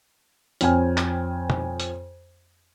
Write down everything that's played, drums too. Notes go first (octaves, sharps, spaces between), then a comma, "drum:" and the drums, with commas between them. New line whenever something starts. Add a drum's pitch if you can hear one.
F2 C4 C#5 G5 G#5 F6, drum: hi-hat
drum: clap
drum: tom
drum: hi-hat